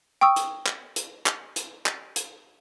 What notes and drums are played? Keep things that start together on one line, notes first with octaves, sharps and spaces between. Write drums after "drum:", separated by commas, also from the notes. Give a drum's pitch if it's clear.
G5 C#6 D#6 E6
drum: hi-hat
drum: clap
drum: hi-hat
drum: clap
drum: hi-hat
drum: clap
drum: hi-hat